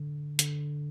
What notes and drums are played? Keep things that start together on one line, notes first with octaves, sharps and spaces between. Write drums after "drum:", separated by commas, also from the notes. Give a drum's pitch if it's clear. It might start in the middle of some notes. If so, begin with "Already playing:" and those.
Already playing: D3
D3, drum: hi-hat